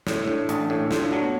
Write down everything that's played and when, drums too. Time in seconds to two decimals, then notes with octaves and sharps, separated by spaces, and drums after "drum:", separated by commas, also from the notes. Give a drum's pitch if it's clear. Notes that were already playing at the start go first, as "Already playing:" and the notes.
0.07 A2 A3, drum: snare
0.28 A2 D4
0.49 A1 D4, drum: hi-hat
0.70 A2
0.91 A2 F4, drum: snare
1.02 D4
1.12 F#3 D4
1.23 B3